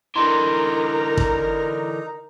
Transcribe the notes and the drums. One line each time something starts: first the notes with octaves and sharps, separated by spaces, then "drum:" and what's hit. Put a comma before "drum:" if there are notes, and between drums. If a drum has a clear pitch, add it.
D3 E3 D#4 A#4 A#5 C6
drum: kick